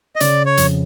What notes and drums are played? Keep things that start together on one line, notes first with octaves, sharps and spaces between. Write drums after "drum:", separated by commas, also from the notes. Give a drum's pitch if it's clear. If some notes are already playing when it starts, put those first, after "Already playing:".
D#5
C#3 D5, drum: hi-hat
C#5
F2, drum: hi-hat